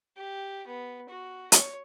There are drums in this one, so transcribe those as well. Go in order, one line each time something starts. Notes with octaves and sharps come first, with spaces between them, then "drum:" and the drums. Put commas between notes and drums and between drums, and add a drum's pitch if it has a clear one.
G4
B3
F#4
C#5, drum: hi-hat